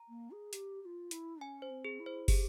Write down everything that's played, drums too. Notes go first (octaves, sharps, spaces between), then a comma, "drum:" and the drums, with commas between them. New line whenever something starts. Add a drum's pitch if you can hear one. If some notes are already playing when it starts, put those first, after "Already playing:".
Already playing: A#5
A#3
G#4
G4, drum: hi-hat
G4
F4
E4, drum: hi-hat
C#4 G#5
C5
C4
G#4
E4
C5
G4 G#4, drum: kick, open hi-hat